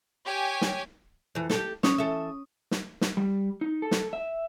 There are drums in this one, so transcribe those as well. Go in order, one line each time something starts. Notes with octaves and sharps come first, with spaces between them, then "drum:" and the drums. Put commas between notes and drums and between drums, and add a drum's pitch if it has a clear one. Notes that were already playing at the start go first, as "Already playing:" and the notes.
G4 C#5 G#5
drum: snare
F2 E3
G4 A4, drum: snare
C#4 C#5 D#6, drum: snare
E3 A4 E5
drum: snare
drum: snare
G3
D#4
A4
drum: snare
E5